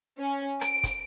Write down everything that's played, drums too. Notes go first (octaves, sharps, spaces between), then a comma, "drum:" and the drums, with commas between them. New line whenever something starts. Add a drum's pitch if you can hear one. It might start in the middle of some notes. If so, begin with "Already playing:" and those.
C#4
D7, drum: rim click
drum: kick, hi-hat